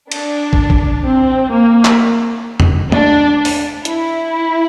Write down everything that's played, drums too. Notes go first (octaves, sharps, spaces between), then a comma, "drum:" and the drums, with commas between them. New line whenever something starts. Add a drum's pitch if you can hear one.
D4, drum: cymbal
drum: kick
drum: kick
C4
A#3
drum: clap
drum: tom E2
D4, drum: tom
drum: open hi-hat
E4, drum: hi-hat